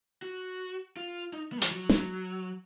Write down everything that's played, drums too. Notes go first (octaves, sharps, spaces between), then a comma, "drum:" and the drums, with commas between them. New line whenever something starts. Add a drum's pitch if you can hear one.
F#4
F4
D#4
B3
F3, drum: hi-hat
F#3
drum: snare